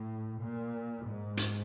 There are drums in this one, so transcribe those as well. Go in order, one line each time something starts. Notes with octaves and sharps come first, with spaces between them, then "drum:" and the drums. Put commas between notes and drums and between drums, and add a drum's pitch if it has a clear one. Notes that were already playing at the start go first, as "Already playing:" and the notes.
Already playing: A2
A#2
G#2
drum: hi-hat